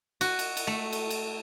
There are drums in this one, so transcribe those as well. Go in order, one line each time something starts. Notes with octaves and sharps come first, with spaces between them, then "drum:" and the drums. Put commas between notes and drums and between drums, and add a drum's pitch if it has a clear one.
F#4, drum: cymbal
drum: cymbal
drum: cymbal
A3
drum: cymbal
drum: cymbal